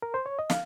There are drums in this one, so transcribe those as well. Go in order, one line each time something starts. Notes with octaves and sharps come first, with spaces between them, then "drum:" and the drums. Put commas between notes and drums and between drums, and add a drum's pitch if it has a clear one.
A#4
C5
C#5
D#5
F5, drum: snare